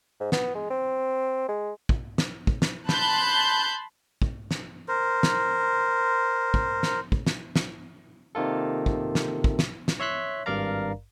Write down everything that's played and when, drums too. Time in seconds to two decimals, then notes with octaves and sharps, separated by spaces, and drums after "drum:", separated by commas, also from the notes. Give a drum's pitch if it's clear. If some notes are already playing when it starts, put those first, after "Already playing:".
0.20 G#2
0.32 B3, drum: snare
0.55 G#3
0.71 C4
1.49 G#3
1.89 drum: kick
2.18 drum: snare
2.47 drum: kick
2.62 drum: snare
2.89 A5 B5 C6 F#6 G6, drum: snare
4.22 drum: kick
4.51 drum: snare
4.88 A#4 C5
5.23 drum: snare
6.54 drum: kick
6.83 drum: snare
7.12 drum: kick
7.27 drum: snare
7.56 drum: snare
8.35 C3 D#3 A#3 F4 A4
8.86 drum: kick
9.15 drum: snare
9.44 drum: kick
9.59 drum: snare
9.88 drum: snare
10.00 C#5 E5 C6 F#6 B6
10.46 G#1 G2 A#4 D5 F5 A#5